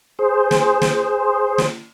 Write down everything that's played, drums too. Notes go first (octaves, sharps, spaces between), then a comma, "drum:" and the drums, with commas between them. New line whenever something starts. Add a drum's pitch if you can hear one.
G#4 C5
drum: snare
drum: snare
drum: snare